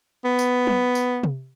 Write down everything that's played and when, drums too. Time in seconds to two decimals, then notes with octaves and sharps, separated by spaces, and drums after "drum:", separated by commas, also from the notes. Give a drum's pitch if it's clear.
0.25 B3
0.39 drum: tambourine
0.67 drum: tom F#3
0.95 drum: tambourine
1.23 drum: tom C3